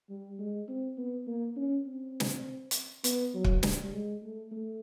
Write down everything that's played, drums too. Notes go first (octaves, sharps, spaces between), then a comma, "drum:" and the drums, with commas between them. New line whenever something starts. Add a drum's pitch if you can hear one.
G3
G#3
C4
B3
A#3
C#4
C4
drum: snare
drum: hi-hat
B3, drum: hi-hat
F#3
drum: kick
G3, drum: snare
G#3
A3
A3